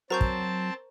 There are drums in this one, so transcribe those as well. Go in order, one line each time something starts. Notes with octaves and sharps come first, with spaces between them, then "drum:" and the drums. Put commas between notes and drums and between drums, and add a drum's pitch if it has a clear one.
F#3 C4 A#4 C5 A5 A#5 C#6 G6
drum: kick